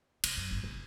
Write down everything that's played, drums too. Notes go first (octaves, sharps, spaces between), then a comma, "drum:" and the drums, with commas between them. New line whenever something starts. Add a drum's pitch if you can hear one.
C3, drum: cymbal
F#2
G1
F1